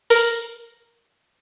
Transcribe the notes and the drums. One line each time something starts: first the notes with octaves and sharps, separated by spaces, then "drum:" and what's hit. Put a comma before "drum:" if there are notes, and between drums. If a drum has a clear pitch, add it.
A#4, drum: open hi-hat